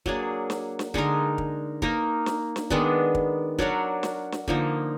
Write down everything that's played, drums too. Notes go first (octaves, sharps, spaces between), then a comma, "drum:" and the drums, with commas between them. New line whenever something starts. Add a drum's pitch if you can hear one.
F#3 A#3 D4 G#4, drum: kick
drum: snare
drum: snare
D3 G#3 D#4 A#4, drum: kick
drum: kick
A#3 D#4 A#4, drum: kick
drum: snare
drum: snare
D#3 G#3 B3 D4, drum: kick
drum: kick
F#3 D4 F#4 A#4, drum: kick
drum: snare
drum: snare
D3 F3 A#3 D#4, drum: kick